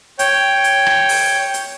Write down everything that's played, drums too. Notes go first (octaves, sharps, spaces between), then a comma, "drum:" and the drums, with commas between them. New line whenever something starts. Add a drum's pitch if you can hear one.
C#5 G5, drum: hi-hat
drum: hi-hat
drum: rim click
drum: open hi-hat
drum: hi-hat